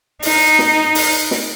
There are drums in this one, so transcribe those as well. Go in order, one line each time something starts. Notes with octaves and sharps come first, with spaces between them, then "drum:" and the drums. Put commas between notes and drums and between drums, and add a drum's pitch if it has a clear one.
D#4, drum: open hi-hat
drum: snare
drum: open hi-hat
drum: snare